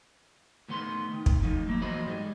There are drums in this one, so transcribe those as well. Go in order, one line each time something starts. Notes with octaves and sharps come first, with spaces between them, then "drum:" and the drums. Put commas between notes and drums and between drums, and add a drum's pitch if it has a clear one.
A2 D#3 B3 B4 C6
D#3
drum: kick
A2 F3 D#4
F#3 A#3 E4
E2 A#2 F#3 C5 D#5 B5
G#2 G3 G#3